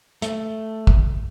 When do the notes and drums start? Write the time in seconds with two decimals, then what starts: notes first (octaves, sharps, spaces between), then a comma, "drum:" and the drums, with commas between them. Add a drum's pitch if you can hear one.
0.22 A3, drum: hi-hat
0.87 drum: kick